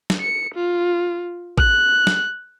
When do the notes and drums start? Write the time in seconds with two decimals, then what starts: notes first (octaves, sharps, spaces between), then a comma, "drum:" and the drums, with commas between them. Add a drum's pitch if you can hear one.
0.10 drum: snare
0.21 C#7
0.54 F4
1.58 F#6, drum: kick A1
2.07 drum: snare